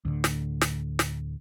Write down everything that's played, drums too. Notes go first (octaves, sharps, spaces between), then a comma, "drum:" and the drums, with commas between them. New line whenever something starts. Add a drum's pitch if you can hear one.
D2 A2 D3
drum: snare
drum: snare
drum: snare